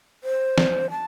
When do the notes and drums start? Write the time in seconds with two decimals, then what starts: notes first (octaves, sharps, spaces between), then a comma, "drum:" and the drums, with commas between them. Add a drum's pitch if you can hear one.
0.24 C5
0.58 drum: snare
0.90 A5